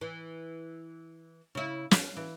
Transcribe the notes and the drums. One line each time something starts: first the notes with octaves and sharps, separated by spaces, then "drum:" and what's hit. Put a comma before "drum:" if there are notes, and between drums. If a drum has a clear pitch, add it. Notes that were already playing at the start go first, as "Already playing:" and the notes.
E3
C#3 E4
F5, drum: snare
E3